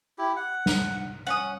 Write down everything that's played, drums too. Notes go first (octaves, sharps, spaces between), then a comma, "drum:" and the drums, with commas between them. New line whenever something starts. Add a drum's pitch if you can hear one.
E4 G4
F#5
drum: snare
C#4 F#5 D#6